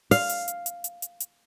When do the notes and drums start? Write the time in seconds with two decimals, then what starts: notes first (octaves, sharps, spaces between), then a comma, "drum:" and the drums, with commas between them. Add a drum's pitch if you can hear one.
0.11 F5, drum: open hi-hat
0.29 drum: hi-hat
0.48 drum: hi-hat
0.66 drum: hi-hat
0.84 drum: hi-hat
1.02 drum: hi-hat
1.20 drum: hi-hat